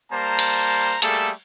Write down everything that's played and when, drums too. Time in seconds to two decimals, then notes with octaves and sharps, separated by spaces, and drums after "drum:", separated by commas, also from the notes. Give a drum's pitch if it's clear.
0.12 G3 A#3 C5 A5 A#5
0.39 drum: cymbal
1.02 G3 A3 A#3 G#4 A4, drum: hi-hat